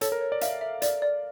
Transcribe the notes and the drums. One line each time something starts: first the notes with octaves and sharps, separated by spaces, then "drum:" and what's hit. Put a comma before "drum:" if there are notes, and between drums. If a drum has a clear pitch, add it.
A4 C#5, drum: hi-hat
A#4
C#5
D5
E5 F5, drum: hi-hat
E5
D5, drum: hi-hat
D5